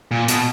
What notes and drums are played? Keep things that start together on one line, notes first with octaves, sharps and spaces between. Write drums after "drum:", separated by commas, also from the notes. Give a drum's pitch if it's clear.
A#2
B2, drum: hi-hat